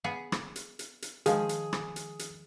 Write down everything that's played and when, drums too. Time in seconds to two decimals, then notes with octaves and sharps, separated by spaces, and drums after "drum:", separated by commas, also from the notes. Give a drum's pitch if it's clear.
0.04 B3 G#4
0.32 drum: rim click
0.56 drum: hi-hat
0.79 drum: hi-hat
1.02 drum: hi-hat
1.26 D#3 F3 G#3 G#4, drum: hi-hat
1.49 drum: hi-hat
1.73 drum: rim click
1.96 drum: hi-hat
2.19 drum: hi-hat